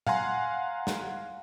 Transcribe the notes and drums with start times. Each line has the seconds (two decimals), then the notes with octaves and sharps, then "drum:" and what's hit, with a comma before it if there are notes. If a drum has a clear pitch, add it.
0.07 F5 F#5 G#5 A#5 C6, drum: tom A#2
0.87 drum: snare